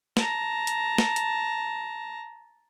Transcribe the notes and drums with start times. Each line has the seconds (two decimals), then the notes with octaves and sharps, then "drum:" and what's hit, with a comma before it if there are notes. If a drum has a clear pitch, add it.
0.17 A5 A#5, drum: snare
0.67 drum: hi-hat
0.98 drum: snare
1.16 drum: hi-hat